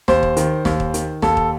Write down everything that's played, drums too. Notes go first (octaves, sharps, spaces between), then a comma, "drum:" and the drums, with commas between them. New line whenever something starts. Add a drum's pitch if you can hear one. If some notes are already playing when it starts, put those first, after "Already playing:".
D#2 C5, drum: snare
drum: kick
D#3, drum: hi-hat
D#2, drum: snare
drum: kick
D#3, drum: hi-hat
D#2 A4, drum: snare
drum: kick